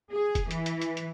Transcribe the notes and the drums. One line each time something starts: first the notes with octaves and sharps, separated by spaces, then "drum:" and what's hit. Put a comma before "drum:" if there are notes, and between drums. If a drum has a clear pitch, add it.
G#4
drum: kick E1, hi-hat
E3, drum: hi-hat
drum: hi-hat
drum: hi-hat
drum: hi-hat